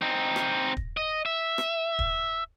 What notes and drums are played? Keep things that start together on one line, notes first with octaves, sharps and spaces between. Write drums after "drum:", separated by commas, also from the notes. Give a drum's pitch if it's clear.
C4 D#4
drum: rim click
drum: kick
D#5
E5
drum: rim click
drum: kick